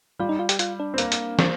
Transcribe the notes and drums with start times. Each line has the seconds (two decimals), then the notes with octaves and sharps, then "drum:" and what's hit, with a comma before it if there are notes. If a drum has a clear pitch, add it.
0.19 G3 F4
0.29 D#4
0.39 F4
0.49 G4, drum: hi-hat
0.59 F4, drum: hi-hat
0.80 D4
0.94 C4
0.98 A#3, drum: hi-hat
1.12 drum: hi-hat
1.39 C4, drum: snare